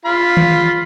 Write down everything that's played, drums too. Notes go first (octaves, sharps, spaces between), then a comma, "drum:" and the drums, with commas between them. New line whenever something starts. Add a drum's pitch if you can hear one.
F4 F5 B5
drum: tom D#3